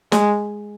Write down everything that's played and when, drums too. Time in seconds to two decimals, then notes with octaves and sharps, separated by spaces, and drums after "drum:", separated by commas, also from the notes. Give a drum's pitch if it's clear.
0.12 G#3, drum: snare